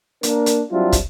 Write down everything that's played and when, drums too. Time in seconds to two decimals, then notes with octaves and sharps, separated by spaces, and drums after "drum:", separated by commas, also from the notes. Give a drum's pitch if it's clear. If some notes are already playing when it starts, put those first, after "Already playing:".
0.23 A#3 D4 A#4, drum: hi-hat
0.46 drum: hi-hat
0.71 F#3 G3 C4 D4 E4 F4
0.92 drum: kick, hi-hat